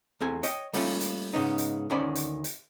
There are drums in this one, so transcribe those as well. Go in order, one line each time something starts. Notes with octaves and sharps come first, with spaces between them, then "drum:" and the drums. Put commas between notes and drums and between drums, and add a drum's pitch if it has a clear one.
E2 A3 C4 G#5
C#5 D#5 G5, drum: hi-hat
G3 A3 A#3 C#4 F4, drum: open hi-hat
drum: hi-hat
G#2 C#3 B3 D#4
drum: hi-hat
D2 D#3 C#4 C5 D5 B5
drum: hi-hat
drum: hi-hat